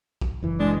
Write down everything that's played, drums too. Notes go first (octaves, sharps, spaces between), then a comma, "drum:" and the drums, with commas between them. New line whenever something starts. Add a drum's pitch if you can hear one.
drum: kick A#1
F#1 E3
G#3 D4